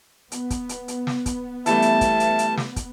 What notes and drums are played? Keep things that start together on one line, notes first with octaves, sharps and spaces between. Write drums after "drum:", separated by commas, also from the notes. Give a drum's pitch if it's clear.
B3, drum: hi-hat
drum: kick, hi-hat
drum: hi-hat
drum: hi-hat
drum: snare
drum: kick, hi-hat
E3 G3 A3 E5 A5, drum: hi-hat
drum: hi-hat
drum: kick, hi-hat
drum: hi-hat
drum: hi-hat
drum: snare
drum: kick, hi-hat